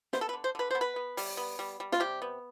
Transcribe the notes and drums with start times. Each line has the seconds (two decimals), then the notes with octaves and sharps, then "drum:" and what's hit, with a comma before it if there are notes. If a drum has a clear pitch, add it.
0.13 B3 C5, drum: snare
0.21 A4
0.29 B4
0.33 D3
0.44 C5
0.55 D3 B4
0.71 B3 C5
0.81 B4
0.96 B3
1.17 G3, drum: open hi-hat
1.37 B3
1.59 G3
1.80 G3
1.92 F4, drum: snare
2.00 C3 G4
2.22 B3